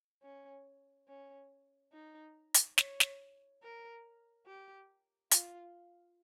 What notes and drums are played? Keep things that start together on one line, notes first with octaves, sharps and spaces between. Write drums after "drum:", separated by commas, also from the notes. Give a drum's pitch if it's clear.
C#4
C#4
D#4
drum: hi-hat
C#5, drum: snare
drum: snare
A#4
G4
F4, drum: hi-hat